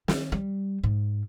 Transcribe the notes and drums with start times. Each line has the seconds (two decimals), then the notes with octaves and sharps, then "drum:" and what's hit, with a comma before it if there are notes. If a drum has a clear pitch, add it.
0.08 D#3, drum: snare
0.32 G3
0.84 G#2